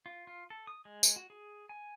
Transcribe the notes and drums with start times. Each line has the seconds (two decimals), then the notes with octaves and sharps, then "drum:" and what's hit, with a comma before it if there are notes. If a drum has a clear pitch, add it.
0.06 F4
0.27 F4
0.50 A4
0.67 D#6
0.85 G#3
1.03 drum: tambourine
1.16 F#4
1.30 G#4
1.69 G#5